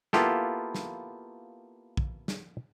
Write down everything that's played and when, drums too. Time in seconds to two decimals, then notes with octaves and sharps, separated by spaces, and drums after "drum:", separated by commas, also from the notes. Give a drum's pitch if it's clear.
0.13 A#3 B3 E4 F4 G4 A4, drum: snare
0.75 drum: snare
1.97 drum: kick
2.28 drum: snare